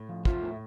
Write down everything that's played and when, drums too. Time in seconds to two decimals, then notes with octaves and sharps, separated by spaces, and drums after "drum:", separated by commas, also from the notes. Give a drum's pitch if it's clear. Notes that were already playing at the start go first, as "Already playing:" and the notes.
Already playing: A2
0.09 F3
0.25 A3 F4, drum: kick
0.43 A2